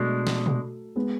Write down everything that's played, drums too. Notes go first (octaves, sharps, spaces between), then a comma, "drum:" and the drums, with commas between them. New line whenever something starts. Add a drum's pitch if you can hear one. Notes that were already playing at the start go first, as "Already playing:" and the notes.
Already playing: B2 F#3 G#3 A3 D4
drum: snare
drum: tom B2
G#3 B3